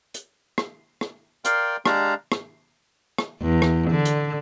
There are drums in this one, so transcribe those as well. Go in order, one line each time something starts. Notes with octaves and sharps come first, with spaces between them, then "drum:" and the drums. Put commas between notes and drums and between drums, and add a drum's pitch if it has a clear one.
drum: hi-hat
drum: rim click
drum: rim click
A#4 D5 F5 G5 C6, drum: hi-hat
G#3 D4 G4 D5 F5 A#5, drum: rim click
drum: rim click
drum: rim click
E2
drum: rim click
D3
drum: hi-hat